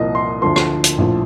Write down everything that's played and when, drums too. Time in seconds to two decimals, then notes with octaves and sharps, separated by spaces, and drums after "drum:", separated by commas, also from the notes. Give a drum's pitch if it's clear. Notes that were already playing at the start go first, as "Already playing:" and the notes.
Already playing: C2 A#2 F3 D#5
0.15 C6
0.42 D2 D3 F3 C6
0.56 drum: rim click
0.84 drum: hi-hat
0.98 A#1 A2 F3